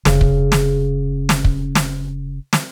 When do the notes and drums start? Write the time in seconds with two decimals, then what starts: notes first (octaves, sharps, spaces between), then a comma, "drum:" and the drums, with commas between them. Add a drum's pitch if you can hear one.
0.05 F1 C#3, drum: snare
0.21 drum: kick
0.52 drum: snare
1.29 drum: snare
1.45 drum: kick
1.75 drum: snare
2.53 drum: snare